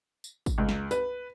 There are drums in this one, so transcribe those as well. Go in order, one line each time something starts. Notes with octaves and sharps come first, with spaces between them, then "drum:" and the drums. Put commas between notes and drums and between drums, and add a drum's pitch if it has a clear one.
drum: tambourine
drum: kick, tambourine
C#2
drum: snare
B4, drum: tambourine